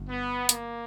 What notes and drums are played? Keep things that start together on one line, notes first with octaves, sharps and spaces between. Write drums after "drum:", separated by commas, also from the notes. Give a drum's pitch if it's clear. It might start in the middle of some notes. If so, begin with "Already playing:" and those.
Already playing: G1
B3
A#3, drum: hi-hat